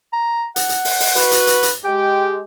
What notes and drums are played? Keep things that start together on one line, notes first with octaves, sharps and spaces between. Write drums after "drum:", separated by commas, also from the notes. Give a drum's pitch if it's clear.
A#5
F#5, drum: hi-hat
drum: hi-hat
drum: open hi-hat
drum: open hi-hat
F#4 B4, drum: hi-hat
drum: hi-hat
drum: hi-hat
drum: hi-hat
G#3 G4 G5